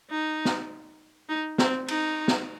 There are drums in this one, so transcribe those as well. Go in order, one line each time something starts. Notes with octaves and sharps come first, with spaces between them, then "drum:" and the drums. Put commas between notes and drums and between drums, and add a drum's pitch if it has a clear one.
D#4
drum: snare
D#4
C4, drum: snare
D#4, drum: cymbal
drum: snare